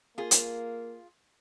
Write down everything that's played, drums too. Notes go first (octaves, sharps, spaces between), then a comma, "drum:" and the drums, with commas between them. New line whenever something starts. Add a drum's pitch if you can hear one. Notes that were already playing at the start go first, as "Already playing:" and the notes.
A#3 F4 G#4
drum: hi-hat